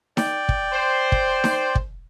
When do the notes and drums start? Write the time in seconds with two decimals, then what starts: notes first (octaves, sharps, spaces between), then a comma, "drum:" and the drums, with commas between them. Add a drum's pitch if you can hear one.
0.17 D5 G5, drum: snare D#4
0.49 drum: kick
0.73 C5
1.12 drum: kick
1.44 drum: snare D#4
1.75 drum: kick